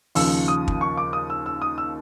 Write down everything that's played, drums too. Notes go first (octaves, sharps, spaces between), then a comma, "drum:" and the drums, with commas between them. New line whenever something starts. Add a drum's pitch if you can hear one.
D#2 C#3 F3 E6, drum: open hi-hat
D#6
drum: kick
C#6
D6
D#6
E6
E6
D#6
E6